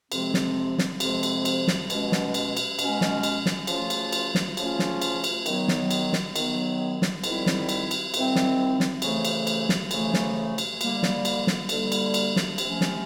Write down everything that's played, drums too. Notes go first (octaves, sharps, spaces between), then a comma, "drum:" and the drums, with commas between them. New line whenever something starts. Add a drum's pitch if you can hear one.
F2 C3 F3 G#3 C4, drum: cymbal
drum: snare
drum: snare
F2 C3 F3 G#3 C4, drum: cymbal
drum: cymbal
drum: cymbal
drum: snare
B2 G#3 C#4, drum: cymbal
drum: snare
drum: cymbal
drum: cymbal
B2 G#3 C#4, drum: cymbal
drum: snare
drum: cymbal
drum: snare
C#3 F3 A3 C#4 F4, drum: cymbal
drum: cymbal
drum: cymbal
drum: snare
C#3 F3 A3 C#4 F4, drum: cymbal
drum: snare
drum: cymbal
drum: cymbal
D#3 F#3 B3, drum: cymbal
drum: snare
drum: cymbal
drum: snare
D#3 F#3 B3, drum: cymbal
drum: snare
G#2 D#3 G3 C4 E4, drum: cymbal
drum: snare
drum: cymbal
drum: cymbal
G#2 D#3 G3 C4 E4, drum: cymbal
drum: snare
drum: snare
F2 C#3 E3 A3, drum: cymbal
drum: cymbal
drum: cymbal
drum: snare
F2 C#3 E3 A3, drum: cymbal
drum: snare
drum: cymbal
D3 G3 A#3, drum: cymbal
drum: snare
drum: cymbal
drum: snare
D3 G3 A#3, drum: cymbal
drum: cymbal
drum: cymbal
drum: snare
C3 F3 A3 C#4, drum: cymbal
drum: snare